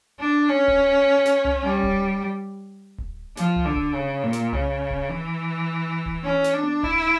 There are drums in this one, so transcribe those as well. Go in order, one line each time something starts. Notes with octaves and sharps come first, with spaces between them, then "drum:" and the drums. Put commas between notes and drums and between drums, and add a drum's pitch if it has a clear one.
D4
C#4
drum: kick D1
drum: snare
drum: tom C2
G3
drum: kick D1
drum: kick D1
F3, drum: snare
drum: tom C2
D3
drum: kick D1
C#3
A#2
drum: snare
C#3, drum: tom C2
drum: kick D1
E3
drum: kick D1
C#4
drum: snare
D4
drum: tom B3
E4, drum: kick D1